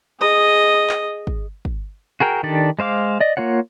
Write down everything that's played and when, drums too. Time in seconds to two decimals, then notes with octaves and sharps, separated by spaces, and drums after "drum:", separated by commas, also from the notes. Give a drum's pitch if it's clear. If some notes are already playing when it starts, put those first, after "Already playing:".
0.20 G#4 D#5
0.89 drum: clap
1.27 drum: kick
1.65 drum: kick
2.20 F#4 G#4 A#4 G5
2.43 D#3 D4 G4 A4 D5
2.79 G#3 C5 F5 D6
3.20 D5 D#5
3.37 A#3 F4 C#5 F#5